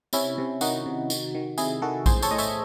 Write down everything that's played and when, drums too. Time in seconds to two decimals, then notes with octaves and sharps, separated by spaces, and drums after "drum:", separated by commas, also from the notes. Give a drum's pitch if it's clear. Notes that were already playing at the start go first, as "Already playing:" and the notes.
0.13 C3 C#4 E4, drum: tambourine
0.38 C3
0.61 D#3 D#4 F#4, drum: tambourine
0.86 C3
1.10 D#3, drum: tambourine
1.35 D#3
1.58 C3 E4 G#4, drum: tambourine
1.82 D#3 F#4 A4
2.06 A2 G#4 C5, drum: kick A#1, tambourine
2.22 A4 C#5, drum: tambourine
2.31 A2 D#5
2.38 C#5 E5, drum: tambourine